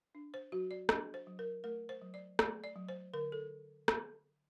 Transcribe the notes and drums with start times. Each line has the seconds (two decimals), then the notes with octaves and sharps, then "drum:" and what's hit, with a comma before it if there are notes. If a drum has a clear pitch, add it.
0.15 D4
0.34 C5
0.52 F#3 F#4
0.71 D5
0.89 D4 D#5, drum: rim click
1.14 C5
1.27 F#3
1.39 A#4
1.64 A3 A#4
1.89 C5
2.01 F#3
2.14 D5
2.39 A3 D5, drum: rim click
2.64 D5
2.76 F#3
2.89 C5
3.14 D3 A#4
3.32 A4
3.88 drum: rim click